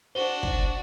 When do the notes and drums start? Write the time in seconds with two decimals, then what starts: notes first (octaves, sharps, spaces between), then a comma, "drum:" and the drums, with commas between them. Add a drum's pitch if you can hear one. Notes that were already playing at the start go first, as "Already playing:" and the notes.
0.15 D4 F#4 C5 G7
0.43 drum: kick